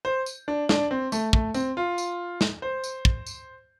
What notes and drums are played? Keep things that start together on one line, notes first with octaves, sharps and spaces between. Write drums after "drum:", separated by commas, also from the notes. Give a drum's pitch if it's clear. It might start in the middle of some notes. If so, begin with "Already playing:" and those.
C5
drum: tambourine
D4
D4, drum: snare
C4
A3, drum: tambourine
A3, drum: kick
C4, drum: tambourine
F4
drum: tambourine
drum: snare
C5
drum: tambourine
drum: kick
drum: tambourine